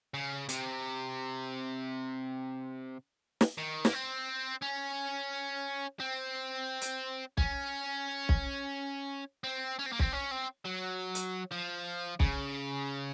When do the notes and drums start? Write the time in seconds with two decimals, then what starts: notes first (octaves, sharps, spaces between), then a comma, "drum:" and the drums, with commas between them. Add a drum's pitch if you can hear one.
0.14 C#3
0.49 C3, drum: hi-hat
3.41 drum: snare
3.58 D#3
3.85 A#3, drum: snare
3.93 C4
4.62 C#4
6.00 C4
6.81 drum: hi-hat
7.37 C#4, drum: kick B1
8.29 drum: kick B1
9.44 C4
9.79 C#4
9.86 C4
9.92 A#3
9.99 C4, drum: kick B1
10.13 C#4
10.31 C4
10.65 F#3
11.15 drum: hi-hat
11.51 F3
12.20 C#3, drum: kick B1